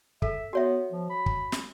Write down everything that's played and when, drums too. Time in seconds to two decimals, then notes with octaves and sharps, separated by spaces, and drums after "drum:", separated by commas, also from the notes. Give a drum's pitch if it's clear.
0.22 A4 E5, drum: kick
0.53 B3 F#4 C#5 E5
0.92 F3
1.10 B5
1.26 drum: kick
1.52 drum: snare